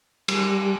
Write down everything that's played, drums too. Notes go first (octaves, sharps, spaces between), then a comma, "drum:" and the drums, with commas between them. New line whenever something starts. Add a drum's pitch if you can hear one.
G3, drum: cymbal